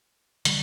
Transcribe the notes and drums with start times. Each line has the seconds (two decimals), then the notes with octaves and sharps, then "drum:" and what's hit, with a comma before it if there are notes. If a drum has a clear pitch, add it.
0.45 D3 G3, drum: hi-hat